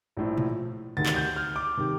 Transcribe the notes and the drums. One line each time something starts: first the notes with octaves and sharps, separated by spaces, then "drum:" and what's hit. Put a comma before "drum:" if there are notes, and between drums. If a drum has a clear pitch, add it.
A#1 A2 F3
drum: tom A#2
D2 C3 D#3 A6
drum: clap
G6
F6
D6
C3 D#3